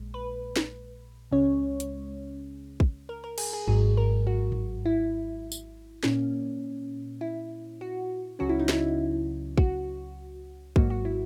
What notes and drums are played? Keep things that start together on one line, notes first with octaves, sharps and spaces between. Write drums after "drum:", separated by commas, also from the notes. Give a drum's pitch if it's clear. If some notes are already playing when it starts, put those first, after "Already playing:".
Already playing: A#1 A#2 G#3
B4
drum: snare
C#2 C#3 G#3 C#4 C#5
drum: hi-hat
drum: kick
A#4
A#4
G#4, drum: cymbal
G#4
G#1 G#2 F#3 G#4
A#4
F#4
drum: tom G#2
E4
drum: tambourine
A#2 A#3 C#4, drum: snare
E4
F#4
C#2 C#3 F#3 C#4 F#4
E4
D#4
E4, drum: snare
F#4, drum: kick
G#1 G#2 F#3 A#3 F#4, drum: kick
F#4
E4